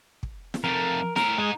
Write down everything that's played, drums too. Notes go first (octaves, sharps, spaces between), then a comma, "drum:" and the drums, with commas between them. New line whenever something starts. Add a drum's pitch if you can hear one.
drum: kick
drum: snare
F2 A3 A#4
A2 A#4 A#5, drum: snare
G#3 D#4 G#4